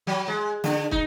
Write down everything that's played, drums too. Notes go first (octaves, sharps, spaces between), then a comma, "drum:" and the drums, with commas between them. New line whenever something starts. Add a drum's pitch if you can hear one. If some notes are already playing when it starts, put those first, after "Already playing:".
F#3
G#3
D3, drum: snare
D#4, drum: kick